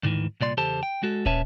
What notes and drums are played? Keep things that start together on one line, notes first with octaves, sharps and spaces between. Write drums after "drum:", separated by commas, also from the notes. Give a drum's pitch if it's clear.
D2 G#2 D#3 E3
C2 A#2 D5 C6
E2 C#3 G4 A4 C5 A5
G5
G#3 F#4 A4
A#2 C#4 B4 C#5 E5 A5, drum: kick